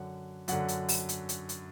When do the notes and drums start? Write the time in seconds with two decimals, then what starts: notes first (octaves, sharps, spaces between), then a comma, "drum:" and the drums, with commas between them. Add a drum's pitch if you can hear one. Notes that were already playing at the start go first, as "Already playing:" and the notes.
Already playing: F#2 D3 F#5
0.48 F#2 D3 F#5, drum: hi-hat
0.68 drum: hi-hat
0.89 drum: open hi-hat
1.09 drum: hi-hat
1.29 drum: hi-hat
1.49 drum: hi-hat